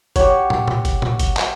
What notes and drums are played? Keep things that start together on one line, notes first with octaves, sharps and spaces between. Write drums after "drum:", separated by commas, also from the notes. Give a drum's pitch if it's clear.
F#4 G4 C#5, drum: kick G1, hi-hat
drum: tom
drum: tom
drum: kick G1, hi-hat
drum: tom
drum: kick G1, hi-hat
drum: clap